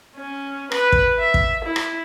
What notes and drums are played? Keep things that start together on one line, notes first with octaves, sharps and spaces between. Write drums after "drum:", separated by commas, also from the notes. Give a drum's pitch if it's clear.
C#4
B4, drum: rim click
drum: kick
E5
drum: kick
E4
drum: rim click